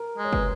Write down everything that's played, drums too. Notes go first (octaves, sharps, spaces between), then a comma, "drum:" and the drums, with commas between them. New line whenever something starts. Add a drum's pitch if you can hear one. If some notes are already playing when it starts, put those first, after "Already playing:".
Already playing: A#4
G#3
C#5
B4, drum: kick